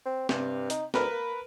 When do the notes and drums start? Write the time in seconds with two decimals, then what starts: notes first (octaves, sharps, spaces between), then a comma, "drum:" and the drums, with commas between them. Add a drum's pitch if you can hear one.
0.05 C4
0.29 G2 C3, drum: snare
0.70 D#4, drum: hi-hat
0.94 D2 A#4 B4, drum: snare
1.12 A#3